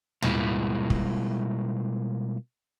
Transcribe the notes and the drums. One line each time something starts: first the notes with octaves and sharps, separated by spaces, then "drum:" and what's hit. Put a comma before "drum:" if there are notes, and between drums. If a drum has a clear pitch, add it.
B2 G3 G#3 A#3 E4 F4, drum: tom
drum: kick